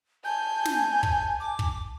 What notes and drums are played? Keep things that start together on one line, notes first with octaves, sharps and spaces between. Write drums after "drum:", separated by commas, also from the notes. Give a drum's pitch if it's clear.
G#5 A5 G6
drum: snare
drum: kick
D6
drum: kick